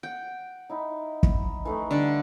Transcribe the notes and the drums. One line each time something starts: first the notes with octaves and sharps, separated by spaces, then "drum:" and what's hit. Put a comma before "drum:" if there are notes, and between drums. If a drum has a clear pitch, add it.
F#5 G5
D#4 E4
drum: kick
E3 A3 D#4
D3 G3 D4 E5